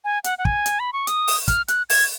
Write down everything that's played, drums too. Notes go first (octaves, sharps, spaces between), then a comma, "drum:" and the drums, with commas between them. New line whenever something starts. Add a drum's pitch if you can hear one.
G#5
F#5, drum: hi-hat
F#5
G#5, drum: kick
drum: hi-hat
B5
C#6
D#6, drum: hi-hat
drum: open hi-hat
F6, drum: kick, hi-hat
F#6, drum: hi-hat
G#6, drum: open hi-hat